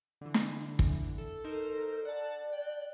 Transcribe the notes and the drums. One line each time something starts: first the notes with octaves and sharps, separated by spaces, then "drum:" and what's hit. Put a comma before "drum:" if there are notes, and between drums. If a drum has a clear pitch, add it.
D3 E3
drum: snare
drum: kick
A4
D#4 A4 A#4 C5
D5 F#5 A5
G5 F#6